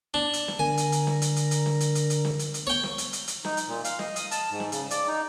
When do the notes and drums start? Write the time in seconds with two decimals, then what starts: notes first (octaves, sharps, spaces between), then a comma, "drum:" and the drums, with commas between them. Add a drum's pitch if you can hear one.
0.14 D4
0.33 drum: hi-hat
0.48 drum: snare
0.59 D3 A#4 G#5
0.77 drum: hi-hat
0.92 drum: hi-hat
1.07 drum: snare
1.22 drum: hi-hat
1.36 drum: hi-hat
1.51 drum: hi-hat
1.66 drum: snare
1.80 drum: hi-hat
1.95 drum: hi-hat
2.10 drum: hi-hat
2.25 drum: snare
2.39 drum: hi-hat
2.54 drum: hi-hat
2.67 C#5 G5
2.83 drum: snare
2.98 drum: hi-hat
3.13 drum: hi-hat
3.28 drum: hi-hat
3.45 D#4, drum: snare
3.57 drum: hi-hat
3.68 A#2
3.84 F5, drum: hi-hat
3.99 D#5, drum: snare
4.16 D#6, drum: hi-hat
4.31 A5, drum: hi-hat
4.51 G#2
4.60 drum: snare
4.72 C#3, drum: hi-hat
4.91 D5, drum: hi-hat
5.08 D#4